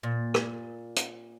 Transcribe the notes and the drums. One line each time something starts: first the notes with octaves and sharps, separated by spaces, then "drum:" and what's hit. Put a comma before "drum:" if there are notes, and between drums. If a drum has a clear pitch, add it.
A#2
drum: rim click
drum: hi-hat